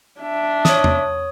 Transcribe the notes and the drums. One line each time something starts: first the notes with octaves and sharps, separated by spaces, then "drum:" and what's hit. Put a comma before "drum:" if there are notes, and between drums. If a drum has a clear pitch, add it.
D4 E5
C#5 D#6, drum: snare
drum: tom E2